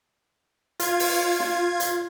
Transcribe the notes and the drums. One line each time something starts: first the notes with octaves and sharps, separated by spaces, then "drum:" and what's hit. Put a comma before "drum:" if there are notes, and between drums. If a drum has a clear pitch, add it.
F4 G#6, drum: hi-hat
drum: open hi-hat
drum: snare
drum: hi-hat